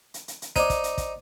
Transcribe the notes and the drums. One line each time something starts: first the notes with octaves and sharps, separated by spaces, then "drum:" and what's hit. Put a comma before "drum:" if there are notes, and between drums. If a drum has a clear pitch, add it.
drum: hi-hat
drum: hi-hat
drum: hi-hat
D#4 C5 D5 D6, drum: kick, hi-hat
drum: kick, hi-hat
drum: hi-hat
drum: kick, hi-hat